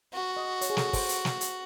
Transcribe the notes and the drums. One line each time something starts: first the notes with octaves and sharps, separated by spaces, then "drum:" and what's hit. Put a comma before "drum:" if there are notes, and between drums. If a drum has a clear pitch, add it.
F#4
D#5
C#5, drum: hi-hat
G#4
A4, drum: snare
C5, drum: kick, open hi-hat
drum: hi-hat
drum: snare
drum: hi-hat